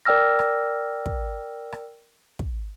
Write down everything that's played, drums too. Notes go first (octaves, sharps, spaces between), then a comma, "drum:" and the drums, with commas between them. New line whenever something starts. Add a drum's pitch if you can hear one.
A#4 D5 G5 E6 F6 A#6
drum: rim click
drum: kick
drum: rim click
drum: kick